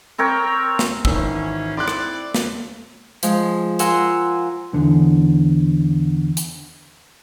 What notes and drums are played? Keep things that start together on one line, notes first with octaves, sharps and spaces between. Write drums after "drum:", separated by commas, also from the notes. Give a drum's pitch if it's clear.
C4 A#4 C#5 G5
drum: snare
G#1 E3 C#4 E6, drum: kick
C4 E4 D5 C6 F#6
drum: rim click
drum: snare
F3 G#3, drum: hi-hat
F4 A#4 F#5 G#5 C6 E6, drum: hi-hat
E2 D3
drum: hi-hat